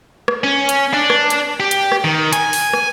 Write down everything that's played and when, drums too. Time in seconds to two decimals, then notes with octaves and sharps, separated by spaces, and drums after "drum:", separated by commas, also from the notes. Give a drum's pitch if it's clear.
0.28 drum: rim click
0.44 C#4
0.69 drum: hi-hat
0.93 D4
1.10 drum: rim click
1.30 drum: hi-hat
1.60 G4
1.71 drum: hi-hat
1.92 drum: rim click
2.04 D#3
2.33 G#5, drum: hi-hat
2.53 drum: open hi-hat
2.73 drum: rim click